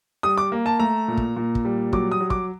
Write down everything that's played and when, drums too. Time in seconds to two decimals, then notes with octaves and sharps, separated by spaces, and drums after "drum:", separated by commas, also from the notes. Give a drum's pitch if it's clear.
0.23 G3 D#6
0.38 D6
0.52 A#3
0.66 A5
0.80 A3 A#5
1.08 A#2
1.17 drum: kick
1.36 A#2
1.55 drum: kick
1.65 G3
1.93 F#3 D6, drum: kick
2.12 D#6
2.21 F#3
2.30 D6, drum: kick